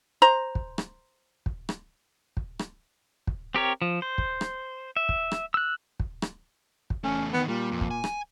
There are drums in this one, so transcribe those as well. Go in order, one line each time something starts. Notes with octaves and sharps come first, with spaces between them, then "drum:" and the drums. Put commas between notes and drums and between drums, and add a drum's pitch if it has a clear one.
C5 A#5
drum: kick
drum: rim click
drum: kick
drum: rim click
drum: kick
drum: rim click
drum: kick
C4 G4 A#4 C#5
F3
C5
drum: kick
drum: rim click
E5
drum: kick
drum: rim click
E6 F#6
drum: kick
drum: rim click
drum: kick
E2 A3 C#4
E2 D#3 B3
A#2 G3
F2
drum: kick
G#5
drum: rim click